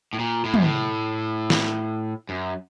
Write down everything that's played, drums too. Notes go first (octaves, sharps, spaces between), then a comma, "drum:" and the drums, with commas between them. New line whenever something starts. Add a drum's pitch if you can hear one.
A2
A#2
A2
F#2, drum: tom
A2
drum: snare
F#2